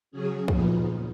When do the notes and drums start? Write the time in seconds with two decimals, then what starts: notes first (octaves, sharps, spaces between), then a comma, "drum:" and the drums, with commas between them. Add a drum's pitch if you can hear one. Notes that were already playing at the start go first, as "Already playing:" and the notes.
0.11 C#3 F#3 C#4 G#4
0.48 A#2 F3 B3 D#4, drum: kick